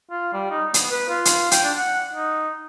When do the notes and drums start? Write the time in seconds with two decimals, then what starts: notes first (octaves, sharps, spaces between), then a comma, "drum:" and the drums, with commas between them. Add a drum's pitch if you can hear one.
0.11 F4
0.33 G3
0.50 D#4
0.74 B3, drum: hi-hat
0.91 B4
1.09 F4
1.25 drum: hi-hat
1.51 G5, drum: hi-hat
1.64 D4
1.77 F#5
2.13 D#4